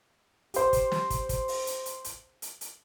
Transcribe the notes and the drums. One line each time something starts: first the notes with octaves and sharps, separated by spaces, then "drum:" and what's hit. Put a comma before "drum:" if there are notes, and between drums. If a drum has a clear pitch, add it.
G4 C5, drum: hi-hat
drum: kick, hi-hat
drum: snare
drum: kick, hi-hat
drum: kick, hi-hat
drum: open hi-hat
drum: hi-hat
drum: hi-hat
drum: hi-hat
drum: hi-hat
drum: hi-hat